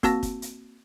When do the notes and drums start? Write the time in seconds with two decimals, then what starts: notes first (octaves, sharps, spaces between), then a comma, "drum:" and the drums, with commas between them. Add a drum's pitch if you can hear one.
0.03 A#3 C4 F#4 A5 E6 A#6, drum: kick, hi-hat
0.23 drum: kick, hi-hat
0.42 drum: hi-hat